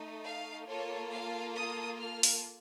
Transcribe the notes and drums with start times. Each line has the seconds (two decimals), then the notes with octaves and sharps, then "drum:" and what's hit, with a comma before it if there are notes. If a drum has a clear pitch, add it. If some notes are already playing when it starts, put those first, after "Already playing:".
Already playing: A3 D#4 A4
0.22 F5
0.66 A#3 F4 A4 C#5
1.10 F5
1.54 D#6
1.99 F6
2.23 drum: open hi-hat